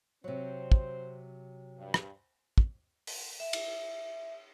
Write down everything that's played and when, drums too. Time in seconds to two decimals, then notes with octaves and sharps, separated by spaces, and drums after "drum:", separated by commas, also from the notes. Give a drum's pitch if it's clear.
0.24 C3 F#3 C4 C5
0.72 drum: kick
1.78 G2
1.94 drum: rim click
2.58 drum: kick
3.07 drum: open hi-hat
3.40 E5
3.53 drum: cymbal